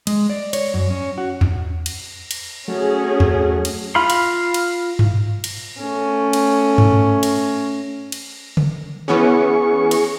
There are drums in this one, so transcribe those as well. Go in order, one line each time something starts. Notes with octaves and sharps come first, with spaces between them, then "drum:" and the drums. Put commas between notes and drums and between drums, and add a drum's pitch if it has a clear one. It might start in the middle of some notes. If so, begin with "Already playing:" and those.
G#3, drum: cymbal
D5
C#5, drum: cymbal
F#2
C#4
F#4
drum: tom E2
drum: cymbal
drum: cymbal
F#3 A3 C#4 G#4
drum: tom E2
drum: cymbal
F4 F5 B5 C6
drum: cymbal
drum: cymbal
drum: tom G2
drum: cymbal
A3 C#4
drum: cymbal
drum: tom G2
drum: cymbal
drum: cymbal
drum: tom C#3
E3 B3 C#4 G#4 C#6
drum: cymbal